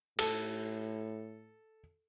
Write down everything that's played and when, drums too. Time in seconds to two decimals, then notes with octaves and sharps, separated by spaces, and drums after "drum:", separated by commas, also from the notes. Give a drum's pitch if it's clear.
0.19 A2 A4, drum: cymbal